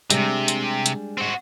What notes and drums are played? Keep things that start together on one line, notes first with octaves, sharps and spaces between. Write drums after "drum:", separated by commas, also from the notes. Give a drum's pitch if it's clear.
C3 G3 G#3 D4, drum: hi-hat
drum: hi-hat
drum: hi-hat
C4 F#4